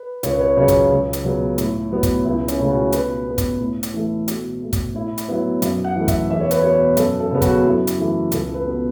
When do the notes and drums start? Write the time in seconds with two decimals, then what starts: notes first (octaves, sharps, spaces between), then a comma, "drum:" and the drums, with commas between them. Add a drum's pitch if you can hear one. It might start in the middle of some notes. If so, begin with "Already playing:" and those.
Already playing: B4
0.23 C#2 C#5, drum: hi-hat
0.33 B4
0.41 C#5
0.57 C#3 F#3 C#5
0.68 drum: kick, hi-hat
0.91 C#2
1.13 drum: hi-hat
1.24 C#3 F#3 B3
1.58 A2, drum: hi-hat
1.91 F#3 B3
2.03 drum: kick, hi-hat
2.25 C#2 E4
2.48 C#4, drum: hi-hat
2.59 C#3 A3
2.70 F#4
2.92 B2 B4, drum: hi-hat
3.27 B3
3.38 drum: kick, hi-hat
3.60 A2
3.83 drum: hi-hat
3.94 E3 A3
4.28 B2, drum: hi-hat
4.62 A3
4.73 drum: kick, hi-hat
4.95 A2 E4
5.18 drum: hi-hat
5.29 F#3 B3 E4
5.62 F#2, drum: hi-hat
5.84 F#5
5.96 E3 A3
6.08 E5, drum: kick, hi-hat
6.30 E2 E5
6.40 C#5
6.51 B4, drum: hi-hat
6.62 B2 B3 C#5
6.97 F#2 A4, drum: hi-hat
7.20 A4
7.31 C#3 F#3 B3
7.42 F#4, drum: kick, hi-hat
7.56 F#4
7.64 F#2 E4
7.87 drum: hi-hat
7.99 E3 A3
8.32 C#2 A4, drum: hi-hat
8.54 B4
8.65 B2 B3